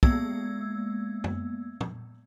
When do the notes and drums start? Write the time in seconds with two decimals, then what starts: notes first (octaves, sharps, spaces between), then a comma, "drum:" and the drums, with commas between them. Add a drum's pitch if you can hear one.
0.03 G#3 A#3 B3 E6 G#6, drum: kick
1.24 drum: tom F#2
1.81 drum: tom